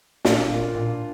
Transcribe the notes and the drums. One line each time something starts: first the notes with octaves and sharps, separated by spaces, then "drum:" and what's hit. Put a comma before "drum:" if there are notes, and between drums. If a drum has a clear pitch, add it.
A#2 D4 F4, drum: snare
A#2
A#2